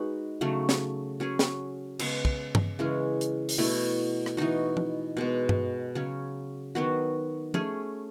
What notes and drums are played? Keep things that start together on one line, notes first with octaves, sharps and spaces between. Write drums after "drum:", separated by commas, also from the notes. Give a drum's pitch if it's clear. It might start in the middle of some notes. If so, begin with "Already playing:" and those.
Already playing: G#3 D#4 F#4 B4
C#3 F#3 A3
drum: snare
F#3 C#4 G#4
drum: snare
C#3 G#3 B3, drum: cymbal
drum: kick
drum: tom G2
C#3 E3 G#3 C#4
drum: hi-hat
drum: open hi-hat
B2 A3 E4
drum: rim click
E3 B3 D#4 F#4
drum: tom
B2 G#3 B3
drum: tom G2
C#3 F#3 C#4
D#3 F#3 B3 F#4
A3 C#4 G#4, drum: tom